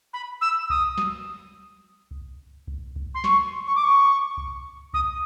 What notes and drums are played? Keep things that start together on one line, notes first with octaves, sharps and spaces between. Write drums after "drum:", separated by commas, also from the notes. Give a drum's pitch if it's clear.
B5
E6
D#6, drum: kick C2
drum: snare
drum: kick C2
drum: kick C2
drum: kick C2
C6
C#6, drum: snare
C#6
D6
C#6
drum: kick C2
D#6, drum: kick C2